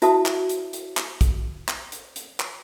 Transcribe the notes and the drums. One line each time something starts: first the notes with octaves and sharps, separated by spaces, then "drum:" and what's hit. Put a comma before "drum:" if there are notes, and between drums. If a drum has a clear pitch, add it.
E4 F#4 E5 A5 D#6, drum: hi-hat
drum: clap
drum: hi-hat
drum: hi-hat
drum: clap
drum: kick, hi-hat
drum: clap
drum: hi-hat
drum: hi-hat
drum: clap